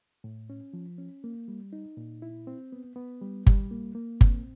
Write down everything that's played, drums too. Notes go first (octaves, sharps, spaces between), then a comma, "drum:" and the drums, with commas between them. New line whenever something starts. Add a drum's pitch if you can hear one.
A2
C#4
F3
C#4
A#3
G3
D#4
A#2
E4
C4
B3
B3
G3
G3, drum: kick G1
A#3
A#3
C4, drum: kick G1